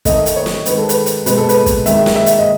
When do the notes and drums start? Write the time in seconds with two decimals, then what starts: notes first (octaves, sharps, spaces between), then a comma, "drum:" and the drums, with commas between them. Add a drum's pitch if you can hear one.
0.05 D#3 A3 D#5, drum: kick, hi-hat
0.26 drum: hi-hat
0.36 C#5
0.46 drum: snare
0.66 D#3 G#3 B4, drum: hi-hat
0.78 A4
0.89 B4, drum: hi-hat
1.06 drum: hi-hat
1.26 B2 G#3 B4, drum: hi-hat
1.37 A4
1.49 B4, drum: hi-hat
1.66 drum: kick, hi-hat
1.86 D#3 G#3 E5, drum: hi-hat
2.06 drum: snare
2.16 E5
2.26 drum: hi-hat
2.39 D#5